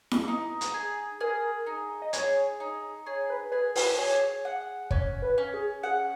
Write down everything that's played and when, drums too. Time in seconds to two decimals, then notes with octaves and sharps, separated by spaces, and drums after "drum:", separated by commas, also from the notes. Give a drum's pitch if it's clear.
0.11 drum: snare E4
0.28 D#4
0.61 drum: hi-hat
0.74 G#4
1.20 G#4 A#4
1.66 D#4
2.02 D#5
2.13 G#4 C#5, drum: hi-hat
2.60 D#4
3.06 G#4 C#5
3.30 B4
3.52 G#4 B4
3.76 B4, drum: open hi-hat
3.98 G#4 C#5
4.45 F#5
4.91 C#4 C#5, drum: kick
5.22 B4
5.38 C#4
5.53 G#4
5.83 G#4 F#5